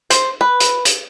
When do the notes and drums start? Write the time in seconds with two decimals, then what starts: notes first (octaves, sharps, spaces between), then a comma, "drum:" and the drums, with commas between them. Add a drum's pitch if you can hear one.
0.10 C5, drum: hi-hat
0.41 B4
0.60 drum: hi-hat
0.85 drum: hi-hat